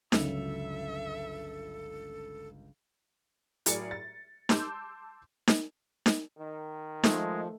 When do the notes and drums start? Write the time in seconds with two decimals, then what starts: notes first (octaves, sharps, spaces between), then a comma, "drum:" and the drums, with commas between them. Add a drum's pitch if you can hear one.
0.12 G1 C#2 F#3 C#4 A4 E5 F7, drum: snare D#4
3.66 A2 F#3 G#4 A#4 D5 C#7, drum: hi-hat
3.91 A6
4.49 A5 C6 D6 E6 G6, drum: snare D#4
5.48 drum: snare D#4
6.06 drum: snare D#4
6.38 D#3
7.04 F3 G#3 A3, drum: snare D#4